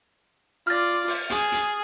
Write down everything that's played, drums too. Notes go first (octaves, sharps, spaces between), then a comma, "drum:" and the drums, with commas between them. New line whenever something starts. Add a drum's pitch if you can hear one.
F4 D5 F6 A6
drum: open hi-hat
G#4, drum: hi-hat
drum: hi-hat